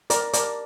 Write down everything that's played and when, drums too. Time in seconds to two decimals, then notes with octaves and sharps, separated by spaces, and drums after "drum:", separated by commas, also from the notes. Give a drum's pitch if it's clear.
0.10 A#4 D5, drum: hi-hat
0.33 A#4 D5, drum: hi-hat